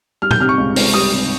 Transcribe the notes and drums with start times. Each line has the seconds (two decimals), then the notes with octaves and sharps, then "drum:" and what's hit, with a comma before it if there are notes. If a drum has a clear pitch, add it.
0.22 G3 F6
0.31 G6, drum: tom A#2
0.40 C3 F6
0.49 C#6
0.58 C#2
0.76 C#2, drum: open hi-hat
0.94 G3 D#6
1.13 C3